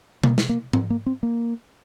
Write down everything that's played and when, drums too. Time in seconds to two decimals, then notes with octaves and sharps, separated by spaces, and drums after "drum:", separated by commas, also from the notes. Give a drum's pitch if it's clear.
0.23 A#3, drum: tom B2
0.38 drum: snare
0.49 A#3
0.73 C4, drum: tom G#2
0.90 A#3
1.06 C4
1.23 A#3